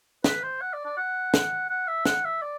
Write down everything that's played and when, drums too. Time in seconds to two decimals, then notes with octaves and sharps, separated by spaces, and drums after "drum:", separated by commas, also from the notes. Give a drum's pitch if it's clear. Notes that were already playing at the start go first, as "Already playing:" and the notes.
0.24 B4, drum: snare
0.43 C5
0.61 F#5
0.73 D5
0.85 D5
0.97 F#5
1.34 drum: snare
1.69 F#5
1.87 E5
2.05 F#5, drum: snare
2.24 E5
2.42 D5